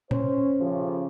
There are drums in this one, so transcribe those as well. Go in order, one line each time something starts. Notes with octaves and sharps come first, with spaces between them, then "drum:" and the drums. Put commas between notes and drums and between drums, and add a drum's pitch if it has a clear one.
C#4 C5, drum: tom A#2
C#3 F3 A3 C#4 G4